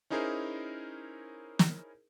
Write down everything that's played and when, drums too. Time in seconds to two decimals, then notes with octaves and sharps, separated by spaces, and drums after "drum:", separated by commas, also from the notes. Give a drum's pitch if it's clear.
0.10 C#4 D#4 E4 G#4 A#4 C5
1.59 drum: snare